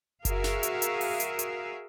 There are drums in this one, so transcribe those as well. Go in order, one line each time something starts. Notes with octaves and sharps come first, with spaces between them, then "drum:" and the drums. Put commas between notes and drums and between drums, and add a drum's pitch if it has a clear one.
F#4 G#4 A#4 E5 F5, drum: kick F#1, hi-hat
drum: snare
drum: hi-hat
drum: hi-hat
drum: open hi-hat
drum: hi-hat
drum: hi-hat